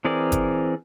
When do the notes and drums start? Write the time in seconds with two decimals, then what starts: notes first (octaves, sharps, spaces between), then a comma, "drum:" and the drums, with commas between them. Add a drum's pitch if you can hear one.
0.05 E3 C4 G#4 A#4 D5
0.32 drum: kick G1, hi-hat